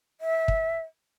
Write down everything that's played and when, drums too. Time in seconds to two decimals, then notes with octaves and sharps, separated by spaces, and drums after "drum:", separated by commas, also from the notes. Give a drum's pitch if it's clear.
0.21 E5
0.48 drum: kick